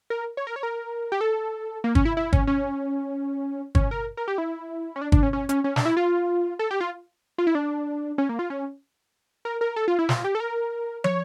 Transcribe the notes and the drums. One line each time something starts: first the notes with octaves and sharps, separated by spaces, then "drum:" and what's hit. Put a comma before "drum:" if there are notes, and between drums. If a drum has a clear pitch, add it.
A#4
C#5
A#4
C#5
A#4
G4
A4
A#3
C#4, drum: kick
E4
E4
C#4, drum: kick
C#4
C#4, drum: kick
A#4
A#4
G4
E4
C#4
D4
D4, drum: kick
C#4
C#4
C#4, drum: hi-hat
C#4
D4, drum: snare
E4
F4
A4
G4
F4
F4
E4
D4
C#4
A#3
F4
C#4
A#4
A#4
A4
F4
E4
F4, drum: snare
G4
A4
A#4
C#5, drum: tom